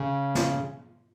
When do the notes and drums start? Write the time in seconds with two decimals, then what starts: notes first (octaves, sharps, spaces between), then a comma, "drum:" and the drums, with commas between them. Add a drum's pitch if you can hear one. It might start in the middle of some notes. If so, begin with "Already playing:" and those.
Already playing: C#3
0.35 drum: snare